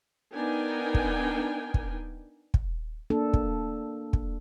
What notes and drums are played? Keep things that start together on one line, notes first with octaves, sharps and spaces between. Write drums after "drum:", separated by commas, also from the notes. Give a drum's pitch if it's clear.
B3 D4 D#4 A#4 G5 G#5
drum: kick
drum: kick
drum: kick
A#3 D4 A4
drum: kick
drum: kick